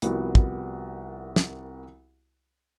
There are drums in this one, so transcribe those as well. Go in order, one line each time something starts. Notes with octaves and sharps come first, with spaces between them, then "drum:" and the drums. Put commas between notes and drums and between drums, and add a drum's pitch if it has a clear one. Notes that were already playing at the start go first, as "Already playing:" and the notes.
C2 F3 G3 B3 F#4 A#4, drum: hi-hat
drum: kick
drum: snare